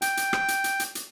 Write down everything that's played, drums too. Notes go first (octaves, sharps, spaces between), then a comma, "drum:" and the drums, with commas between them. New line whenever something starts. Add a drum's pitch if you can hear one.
G5, drum: hi-hat
drum: hi-hat
drum: rim click
drum: hi-hat
drum: hi-hat
drum: hi-hat
drum: hi-hat